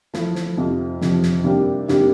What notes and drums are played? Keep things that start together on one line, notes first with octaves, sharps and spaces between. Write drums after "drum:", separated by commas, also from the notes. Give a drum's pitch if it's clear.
F3 A3 E4 A4, drum: snare
drum: snare
F2 C3 F3
F2 C3 F3, drum: snare
drum: snare
C3 G3 A#3 D4 G4
C3 G3 A#3 D4 G4, drum: snare